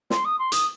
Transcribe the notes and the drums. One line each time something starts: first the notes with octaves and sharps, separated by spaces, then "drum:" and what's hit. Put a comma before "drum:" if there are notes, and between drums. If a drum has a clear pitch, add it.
C6, drum: snare
D#6
C6
D#6, drum: hi-hat